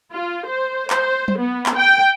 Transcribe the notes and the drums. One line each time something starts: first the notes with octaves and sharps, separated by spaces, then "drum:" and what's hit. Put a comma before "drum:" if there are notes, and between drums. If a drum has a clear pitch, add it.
F4
C5
C5, drum: clap
drum: tom F#3
B3
drum: clap
G5